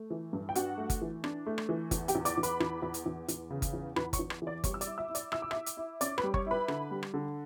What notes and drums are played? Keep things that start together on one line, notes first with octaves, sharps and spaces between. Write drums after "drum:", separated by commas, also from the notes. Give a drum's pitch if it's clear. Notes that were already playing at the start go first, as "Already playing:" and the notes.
Already playing: A3
E3
G2
G5
D4 F#4 F#5, drum: hi-hat
A3
drum: kick G1, hi-hat
E3
D4, drum: rim click
A3
drum: rim click
E3
E2, drum: kick G1, hi-hat
G4 G5, drum: hi-hat
E2
D5 D6, drum: hi-hat
E2
B4 B5, drum: hi-hat
E2, drum: rim click
E2
drum: hi-hat
E2
E2, drum: hi-hat
C#3
drum: kick G1, hi-hat
E2
E2 B4 B5, drum: rim click
C#5 C#6, drum: kick G1, hi-hat
E2
drum: rim click
E3
D5 D6
G3 C#5 C#6, drum: kick G1, hi-hat
E6
D5 D6, drum: hi-hat
E4
E5 E6
E4
D5 D6, drum: hi-hat
E4 E6, drum: rim click
D6
E4 E5 E6, drum: rim click
drum: hi-hat
E4
C#4 D5 D6, drum: hi-hat
B4 B5, drum: rim click
G3
C#5 C#6, drum: kick G1
E4 B4 B5
D3, drum: rim click
G3
drum: rim click
D3